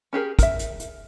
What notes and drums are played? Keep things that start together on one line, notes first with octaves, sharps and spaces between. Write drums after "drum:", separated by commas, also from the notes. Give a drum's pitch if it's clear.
C#4 G4 G#4 A#4
A#4 E5, drum: kick, hi-hat
drum: hi-hat
drum: hi-hat